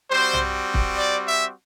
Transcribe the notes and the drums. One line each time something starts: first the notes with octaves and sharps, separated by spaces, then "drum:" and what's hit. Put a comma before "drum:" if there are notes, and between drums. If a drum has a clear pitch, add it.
G3 C4 F#4 C5
drum: tom
drum: kick
D5
E5